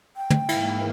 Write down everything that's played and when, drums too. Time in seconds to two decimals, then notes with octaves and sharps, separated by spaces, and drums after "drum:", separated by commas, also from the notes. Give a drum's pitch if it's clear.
0.17 G5
0.30 drum: tom
0.49 G#2 E3 A#3 E4, drum: cymbal